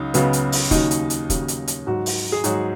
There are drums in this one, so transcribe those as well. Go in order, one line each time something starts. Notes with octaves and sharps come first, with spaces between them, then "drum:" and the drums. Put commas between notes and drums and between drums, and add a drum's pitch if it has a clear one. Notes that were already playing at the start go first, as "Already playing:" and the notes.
Already playing: C#2 C#3 F#3 D#4
C#2 C#3 F#3 B3, drum: hi-hat
drum: hi-hat
drum: open hi-hat
D#2 C#3 F#3 D#4, drum: kick, hi-hat
drum: hi-hat
drum: hi-hat
D#2 C#3 F#3, drum: kick, hi-hat
drum: hi-hat
drum: hi-hat
G#2 F#3 F#4
drum: open hi-hat
G#4
G#2 F#3 F#4, drum: hi-hat